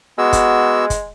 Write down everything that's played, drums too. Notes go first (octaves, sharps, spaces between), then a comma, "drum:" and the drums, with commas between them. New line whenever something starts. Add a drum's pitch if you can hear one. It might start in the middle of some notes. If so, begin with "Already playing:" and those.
G#3 B3 F#4 E6
drum: kick, hi-hat
drum: kick, hi-hat